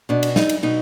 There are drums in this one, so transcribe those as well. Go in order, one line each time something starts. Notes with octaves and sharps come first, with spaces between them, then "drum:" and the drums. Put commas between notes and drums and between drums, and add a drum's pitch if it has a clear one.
B2 D4
drum: cymbal
D#4, drum: snare
drum: cymbal
B2 D#4